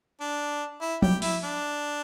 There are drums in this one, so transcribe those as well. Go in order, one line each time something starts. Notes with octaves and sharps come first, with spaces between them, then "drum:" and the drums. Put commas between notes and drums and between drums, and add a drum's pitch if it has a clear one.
D4
E4
G4, drum: tom F3
E4, drum: open hi-hat
D4